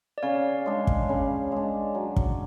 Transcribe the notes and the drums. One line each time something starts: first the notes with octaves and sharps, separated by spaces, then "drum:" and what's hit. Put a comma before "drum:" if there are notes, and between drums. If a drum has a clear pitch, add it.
D5
C#3 C#5 F5
G#3 D4
drum: kick
C#3
G#3 D4
F#3
drum: kick